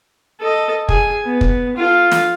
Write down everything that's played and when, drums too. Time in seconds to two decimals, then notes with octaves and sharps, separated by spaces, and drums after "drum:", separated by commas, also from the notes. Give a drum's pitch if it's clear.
0.40 A4 D#5
0.89 G#4 G#5, drum: kick
1.25 B3
1.41 drum: kick
1.76 F4 A4
2.12 drum: snare